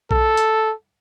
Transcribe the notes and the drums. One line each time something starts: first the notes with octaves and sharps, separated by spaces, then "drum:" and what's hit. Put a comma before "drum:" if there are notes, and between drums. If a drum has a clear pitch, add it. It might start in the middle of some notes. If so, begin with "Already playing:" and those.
A4, drum: kick B1
drum: hi-hat